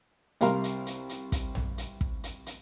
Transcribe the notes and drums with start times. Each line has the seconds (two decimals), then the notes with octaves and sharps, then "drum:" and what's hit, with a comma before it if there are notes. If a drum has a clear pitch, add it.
0.41 C2 C3 A#4 F5 A#5 C6, drum: hi-hat
0.64 drum: hi-hat
0.86 drum: hi-hat
1.09 drum: hi-hat
1.32 drum: kick, hi-hat
1.55 drum: tom A#1
1.78 drum: hi-hat
2.01 drum: kick
2.24 drum: hi-hat
2.46 drum: hi-hat